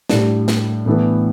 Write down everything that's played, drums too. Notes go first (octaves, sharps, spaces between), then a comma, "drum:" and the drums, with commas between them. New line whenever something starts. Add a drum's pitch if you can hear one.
A2 G3 D4, drum: snare
drum: snare
A2 E3 B3 D4 A4